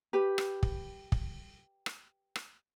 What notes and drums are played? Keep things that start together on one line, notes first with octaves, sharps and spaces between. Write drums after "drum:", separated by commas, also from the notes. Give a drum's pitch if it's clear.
G4 B4
drum: rim click
drum: kick
drum: kick
drum: rim click
drum: rim click